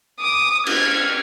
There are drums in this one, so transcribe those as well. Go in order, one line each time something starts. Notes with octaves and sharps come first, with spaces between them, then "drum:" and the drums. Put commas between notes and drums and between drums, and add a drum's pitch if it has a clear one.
D6 D#6
F6 G#6, drum: cymbal